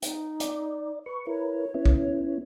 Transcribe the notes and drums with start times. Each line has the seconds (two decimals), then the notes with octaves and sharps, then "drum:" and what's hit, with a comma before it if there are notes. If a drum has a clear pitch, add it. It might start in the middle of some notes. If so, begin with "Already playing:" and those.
0.02 D#4, drum: hi-hat
0.40 D5, drum: hi-hat
1.06 B4 C#6
1.27 E4 A#4 B4 C#5
1.74 B3 C#4 E4
1.86 drum: kick B1